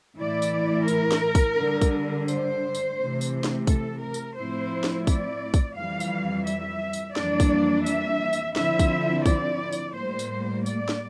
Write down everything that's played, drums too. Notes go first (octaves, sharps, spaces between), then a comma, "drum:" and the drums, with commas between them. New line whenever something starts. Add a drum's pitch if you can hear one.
A2 E3 A3 E4 D5
drum: tambourine
A#4, drum: tambourine
drum: snare
drum: kick, tambourine
D3 G3 D4
drum: kick, tambourine
C5, drum: tambourine
drum: tambourine
C3 E3 A3
drum: tambourine
drum: snare
A4, drum: kick, tambourine
A#4
drum: tambourine
A2 F3 C4 E4 C5
drum: snare
D5, drum: kick, tambourine
drum: kick, tambourine
F2 E3 G3 F5
drum: tambourine
E5, drum: tambourine
drum: tambourine
F2 E3 G3 A#3 D4 D5, drum: snare
drum: kick, tambourine
E5, drum: tambourine
drum: tambourine
D3 F3 C4 E4 E5, drum: snare
drum: kick, tambourine
D5, drum: kick, tambourine
drum: tambourine
A2 G3 A#3 C5
drum: tambourine
D5, drum: tambourine
drum: snare